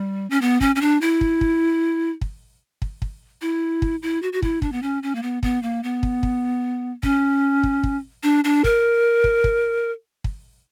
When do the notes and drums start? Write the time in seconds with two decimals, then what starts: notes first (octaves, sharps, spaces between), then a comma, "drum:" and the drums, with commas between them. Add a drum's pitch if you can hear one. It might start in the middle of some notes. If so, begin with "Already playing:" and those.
Already playing: G3
0.30 C#4
0.41 B3
0.61 C#4, drum: kick
0.75 C#4
0.81 D4
1.01 E4
1.21 drum: kick
1.41 drum: kick
2.21 drum: kick
2.82 drum: kick
3.02 drum: kick
3.41 E4
3.82 drum: kick
4.02 E4
4.22 F#4
4.33 F#4
4.42 E4, drum: kick
4.62 D4, drum: kick
4.72 B3
4.82 C#4
5.03 C#4
5.15 A#3
5.22 B3
5.43 B3, drum: kick
5.63 A#3
5.83 B3
6.03 drum: kick
6.23 drum: kick
7.03 C#4, drum: kick
7.63 drum: kick
7.83 drum: kick
8.23 D4
8.44 D4
8.64 A#4, drum: kick
9.24 drum: kick
9.44 drum: kick
10.24 drum: kick